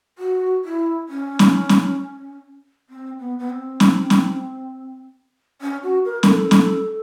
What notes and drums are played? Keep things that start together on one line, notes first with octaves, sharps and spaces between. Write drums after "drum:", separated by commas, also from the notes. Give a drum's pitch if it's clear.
F#4
E4
C#4
drum: snare
drum: snare
C4
B3
B3
C4
drum: snare
drum: snare
C#4
F#4
A#4
A#4, drum: snare
A4
drum: snare